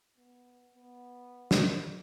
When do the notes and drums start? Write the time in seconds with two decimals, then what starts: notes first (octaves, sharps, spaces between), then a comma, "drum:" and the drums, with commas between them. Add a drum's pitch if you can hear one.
0.17 B3
0.75 B3
1.51 drum: snare